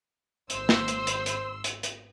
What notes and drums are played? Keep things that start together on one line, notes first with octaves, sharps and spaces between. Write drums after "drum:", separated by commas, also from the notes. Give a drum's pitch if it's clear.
G#1 C5 C6 E6, drum: hi-hat
drum: snare
drum: hi-hat
drum: hi-hat
drum: hi-hat
drum: hi-hat
drum: hi-hat